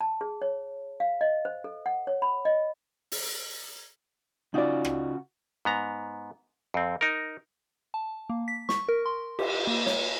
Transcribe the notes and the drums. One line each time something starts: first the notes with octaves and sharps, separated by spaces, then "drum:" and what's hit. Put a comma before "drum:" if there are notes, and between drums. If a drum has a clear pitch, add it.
A5
G#4
C#5
F5
D#5
C5
A4
F#5
C#5
B5
D#5
drum: open hi-hat
C#3 D#4 F4 F#4 D5
drum: rim click
G#2 B3 A#5
F2 C4
D#4 A#4
A5
A#3
B6
C#6, drum: snare
A#4
C6
G4, drum: cymbal
A#3
C#5, drum: snare